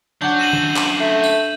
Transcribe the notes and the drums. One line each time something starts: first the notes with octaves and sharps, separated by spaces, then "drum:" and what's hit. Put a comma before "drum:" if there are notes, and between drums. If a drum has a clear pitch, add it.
F#3 D4 F#5 G6
F#2 C4 D#7 E7 F#7
drum: tom
drum: clap
A3
drum: tambourine